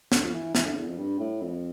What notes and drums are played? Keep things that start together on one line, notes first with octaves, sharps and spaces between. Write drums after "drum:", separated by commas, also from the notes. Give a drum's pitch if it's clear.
D3, drum: snare
F3
E3
E3, drum: snare
D3
E2
F2
G2
A2
F2